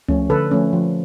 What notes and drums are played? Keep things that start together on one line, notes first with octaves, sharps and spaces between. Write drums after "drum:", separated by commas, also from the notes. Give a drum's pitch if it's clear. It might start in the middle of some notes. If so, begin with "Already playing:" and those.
F3 A3 C#4, drum: tom C#2
D3 A4 B4
F3 A3 C#4
F3